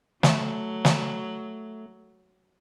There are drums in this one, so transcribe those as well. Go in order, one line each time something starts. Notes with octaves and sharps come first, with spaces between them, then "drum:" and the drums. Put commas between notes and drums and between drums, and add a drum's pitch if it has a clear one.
F#3 A3, drum: snare
drum: snare